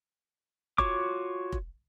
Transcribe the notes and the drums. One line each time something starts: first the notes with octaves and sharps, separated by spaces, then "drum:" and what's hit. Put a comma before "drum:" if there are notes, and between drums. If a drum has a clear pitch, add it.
F4 F#4 C#5 C#6 D6, drum: kick F1
drum: kick F1